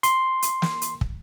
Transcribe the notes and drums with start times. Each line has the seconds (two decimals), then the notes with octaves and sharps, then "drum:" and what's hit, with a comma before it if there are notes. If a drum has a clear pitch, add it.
0.03 C6, drum: hi-hat
0.42 drum: hi-hat
0.62 drum: snare
0.82 drum: hi-hat
1.01 drum: kick